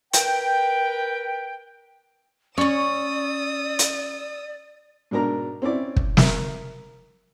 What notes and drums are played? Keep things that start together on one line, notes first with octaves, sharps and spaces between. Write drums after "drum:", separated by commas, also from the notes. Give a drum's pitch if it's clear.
A#4 B4 G5, drum: hi-hat
C#4 C#5 D5 C#6 D#6 E6
drum: hi-hat
G#2 B2 D4 A#4 A#5
C4 C#4 E4 D5
drum: kick
A#4 E5, drum: snare